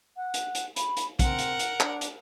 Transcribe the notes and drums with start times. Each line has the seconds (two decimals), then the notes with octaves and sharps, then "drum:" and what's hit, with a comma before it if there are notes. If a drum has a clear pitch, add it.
0.16 F#5
0.34 drum: hi-hat
0.55 drum: hi-hat
0.76 B5, drum: hi-hat
0.97 drum: hi-hat
1.19 C4 A#4 F#5, drum: kick, hi-hat
1.38 drum: hi-hat
1.59 drum: hi-hat
1.80 D4, drum: clap
2.01 drum: hi-hat